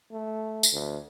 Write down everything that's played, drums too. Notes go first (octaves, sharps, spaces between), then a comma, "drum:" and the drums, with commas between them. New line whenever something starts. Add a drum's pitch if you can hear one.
A3
drum: tambourine
D2